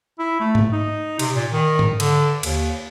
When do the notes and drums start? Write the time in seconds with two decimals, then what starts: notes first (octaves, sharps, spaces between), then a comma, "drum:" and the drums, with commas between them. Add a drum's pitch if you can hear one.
0.19 E4
0.40 A3
0.55 drum: tom G#2
0.72 D#4
1.19 C3, drum: cymbal
1.35 A#2
1.52 D#3
1.79 drum: tom G#2
2.00 D3, drum: cymbal
2.43 D#2, drum: cymbal